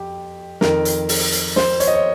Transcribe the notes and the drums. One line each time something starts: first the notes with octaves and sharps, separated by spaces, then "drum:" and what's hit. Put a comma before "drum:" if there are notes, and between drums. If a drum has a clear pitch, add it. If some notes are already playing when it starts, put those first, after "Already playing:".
Already playing: F2 G4
F2 D#3 A#4, drum: snare
drum: hi-hat
drum: open hi-hat
drum: hi-hat
C5, drum: snare
C#5, drum: hi-hat
D#5
C#5